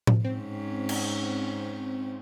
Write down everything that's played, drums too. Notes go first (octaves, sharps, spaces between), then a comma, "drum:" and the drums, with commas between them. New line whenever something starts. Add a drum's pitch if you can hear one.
drum: tom A2
G#2 C4 C#4
drum: cymbal